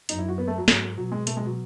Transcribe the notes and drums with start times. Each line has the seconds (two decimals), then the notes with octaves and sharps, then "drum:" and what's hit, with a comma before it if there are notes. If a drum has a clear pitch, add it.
0.09 F#2 D#4, drum: hi-hat
0.19 E4
0.28 F#4
0.38 B3
0.47 A3
0.58 F#3
0.68 G#2, drum: snare
0.97 B2 F#3
1.12 G#3
1.27 A3, drum: hi-hat
1.37 G#3
1.46 F#3